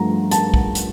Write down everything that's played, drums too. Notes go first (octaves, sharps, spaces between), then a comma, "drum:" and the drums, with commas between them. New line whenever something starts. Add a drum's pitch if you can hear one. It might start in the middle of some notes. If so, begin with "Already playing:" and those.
Already playing: G2 F3 A3 A#5
A5, drum: hi-hat
drum: kick
drum: hi-hat